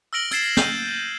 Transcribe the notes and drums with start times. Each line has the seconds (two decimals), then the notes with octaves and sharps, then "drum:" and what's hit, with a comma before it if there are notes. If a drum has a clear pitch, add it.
0.13 E6 F6 A#6 D7 F#7 G7
0.31 E6 G#6 A6 C7 E7, drum: hi-hat
0.57 G6 A#6 D#7, drum: snare